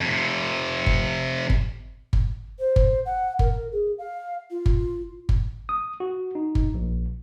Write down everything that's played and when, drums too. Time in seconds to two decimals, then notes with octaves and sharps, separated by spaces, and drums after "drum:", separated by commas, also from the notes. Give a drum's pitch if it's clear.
0.01 F2 C3
0.86 drum: kick G1
1.50 drum: kick G1
2.13 drum: kick G1
2.59 C5
2.76 drum: kick G1
3.05 F#5
3.39 A#4, drum: kick G1
3.72 G#4
3.98 F5
4.50 F4
4.66 drum: kick G1
5.29 drum: kick G1
5.69 D#6
6.00 F#4
6.35 D#4
6.55 drum: kick G1
6.74 A#1